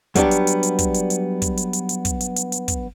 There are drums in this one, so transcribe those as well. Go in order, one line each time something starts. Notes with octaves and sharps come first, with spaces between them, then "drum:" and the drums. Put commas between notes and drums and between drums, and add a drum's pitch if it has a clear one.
F#3 G3 B3 D4 G4, drum: kick, hi-hat
drum: hi-hat
drum: hi-hat
drum: hi-hat
drum: kick, hi-hat
drum: hi-hat
drum: hi-hat
drum: kick, hi-hat
drum: hi-hat
drum: hi-hat
drum: hi-hat
drum: kick, hi-hat
drum: hi-hat
drum: hi-hat
drum: hi-hat
drum: kick, hi-hat